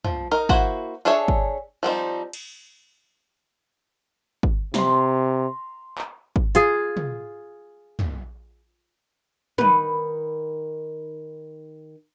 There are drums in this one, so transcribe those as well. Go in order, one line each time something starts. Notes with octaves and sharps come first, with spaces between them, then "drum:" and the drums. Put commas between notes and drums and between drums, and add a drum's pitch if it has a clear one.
F3, drum: tom
D#4 A#4
A#3 E4 F#4 C5 F#5, drum: kick
D4 G#4 A4 C#5 E5
drum: kick
F3 G3 C4 D#4
drum: cymbal
drum: kick
C3 A#5 C6, drum: snare
drum: clap
drum: kick
F4 G#4, drum: hi-hat
drum: tom
drum: tom
D#3 B4, drum: tom